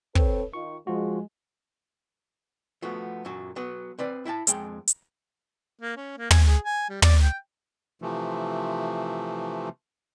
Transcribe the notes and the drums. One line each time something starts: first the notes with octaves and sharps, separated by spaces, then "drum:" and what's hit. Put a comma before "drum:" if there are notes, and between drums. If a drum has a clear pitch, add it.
C4 A4 B4 C#5, drum: kick
D#3 F4 C#6
F3 G#3 F4 F#4
F3 A3 B3 F#4
F#2 A#2 F#3
F#3 B3
C4 B4 D5
E4 E5 G5 A5
F2 G#3 G5, drum: hi-hat
drum: hi-hat
A#3
C#4
A#3
G#5, drum: tom
G#4
G#5
G3
D5, drum: tom
G5
C3 E3 F3 A3